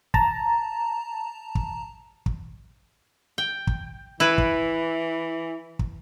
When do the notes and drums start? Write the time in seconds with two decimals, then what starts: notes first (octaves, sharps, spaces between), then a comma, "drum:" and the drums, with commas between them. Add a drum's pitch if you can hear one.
0.14 A5 A#5, drum: kick
1.55 drum: kick
2.26 drum: kick
3.38 G5
3.67 drum: kick
4.20 E3 E4 B4
4.38 drum: kick
5.79 drum: kick